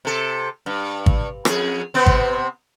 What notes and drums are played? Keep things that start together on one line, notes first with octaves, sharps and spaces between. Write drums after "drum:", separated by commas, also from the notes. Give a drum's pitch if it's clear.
C3 A4
G2
drum: kick
F2 G#4, drum: rim click
C3 B3 C4
drum: kick